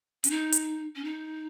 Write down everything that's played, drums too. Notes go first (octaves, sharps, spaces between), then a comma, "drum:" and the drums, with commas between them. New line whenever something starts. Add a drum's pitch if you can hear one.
C#4, drum: hi-hat
D#4
drum: hi-hat
C#4
D#4